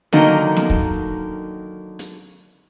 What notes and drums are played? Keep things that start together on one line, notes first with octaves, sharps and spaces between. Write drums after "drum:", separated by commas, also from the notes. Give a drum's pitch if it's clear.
D3 D#3 F#3 A#3 D#4, drum: snare
drum: snare
drum: kick
drum: hi-hat